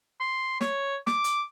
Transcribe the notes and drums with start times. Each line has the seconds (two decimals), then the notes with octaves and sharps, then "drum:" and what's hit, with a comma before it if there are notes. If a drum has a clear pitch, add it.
0.20 C6
0.61 C#5, drum: snare
1.07 D6, drum: snare
1.24 drum: hi-hat